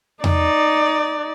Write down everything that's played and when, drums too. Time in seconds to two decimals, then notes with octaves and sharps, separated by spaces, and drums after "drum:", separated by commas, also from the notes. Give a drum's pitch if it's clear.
0.24 D#4 D5, drum: tom E2